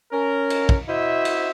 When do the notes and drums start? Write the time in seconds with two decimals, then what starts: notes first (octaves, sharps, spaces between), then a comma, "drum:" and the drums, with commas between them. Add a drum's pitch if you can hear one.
0.12 C#4 A#4
0.50 drum: cymbal
0.69 drum: kick
0.88 E4 F#4 C5 D#5 E5
1.25 drum: cymbal